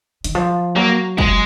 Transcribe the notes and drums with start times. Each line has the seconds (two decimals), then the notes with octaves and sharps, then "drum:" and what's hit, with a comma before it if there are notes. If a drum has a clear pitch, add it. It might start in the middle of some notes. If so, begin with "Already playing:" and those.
0.24 D#3, drum: hi-hat
0.35 F3
0.76 F#3 A#3
1.18 G#3, drum: kick